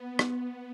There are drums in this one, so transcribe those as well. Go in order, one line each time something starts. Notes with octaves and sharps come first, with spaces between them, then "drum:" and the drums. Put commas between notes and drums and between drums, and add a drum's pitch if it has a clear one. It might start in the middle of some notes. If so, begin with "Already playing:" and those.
Already playing: B3
B3, drum: rim click